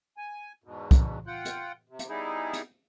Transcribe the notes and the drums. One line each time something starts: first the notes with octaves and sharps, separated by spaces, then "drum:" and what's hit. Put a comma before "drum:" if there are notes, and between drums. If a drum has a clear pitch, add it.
G#5
E2 G#2 B2
drum: kick, hi-hat
F4 F#5 G5
drum: hi-hat
C3
drum: hi-hat
G3 B3 D#4 E4 G#4
drum: hi-hat